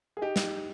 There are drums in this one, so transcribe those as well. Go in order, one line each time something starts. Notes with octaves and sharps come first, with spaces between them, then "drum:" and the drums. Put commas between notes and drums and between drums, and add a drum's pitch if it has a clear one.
G#4
D#4 G4
drum: snare